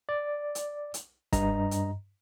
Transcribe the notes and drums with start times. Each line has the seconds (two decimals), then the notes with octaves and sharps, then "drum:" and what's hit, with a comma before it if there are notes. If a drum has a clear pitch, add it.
0.09 D5
0.55 drum: hi-hat
0.94 drum: hi-hat
1.33 G2 D#5 A#5, drum: kick, hi-hat
1.71 drum: hi-hat